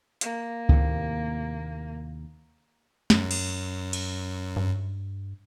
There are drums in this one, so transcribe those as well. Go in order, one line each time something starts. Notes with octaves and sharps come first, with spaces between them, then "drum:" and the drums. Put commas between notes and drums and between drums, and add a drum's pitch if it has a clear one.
A#3, drum: hi-hat
D#2 A2 C3, drum: kick C#2
F#2, drum: snare
drum: cymbal
drum: cymbal
G2